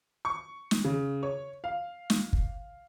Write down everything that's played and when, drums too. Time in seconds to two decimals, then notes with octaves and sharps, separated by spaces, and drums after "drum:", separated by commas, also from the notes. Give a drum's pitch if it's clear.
0.25 C#6
0.71 drum: snare
0.84 C#3
1.23 C#5
1.64 F5
2.10 drum: snare
2.33 drum: kick